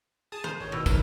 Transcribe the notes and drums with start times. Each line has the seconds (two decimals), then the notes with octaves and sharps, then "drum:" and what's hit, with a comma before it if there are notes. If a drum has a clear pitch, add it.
0.32 G#4 A5 D#6
0.44 C5
0.60 G#1 D#3 C#5
0.72 B2 E4
0.86 D#3 A#4 B4, drum: kick, tambourine